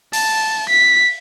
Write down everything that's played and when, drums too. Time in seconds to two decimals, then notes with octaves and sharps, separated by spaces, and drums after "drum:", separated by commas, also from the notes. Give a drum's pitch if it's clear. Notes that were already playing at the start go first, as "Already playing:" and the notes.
0.13 A5, drum: open hi-hat
0.69 B6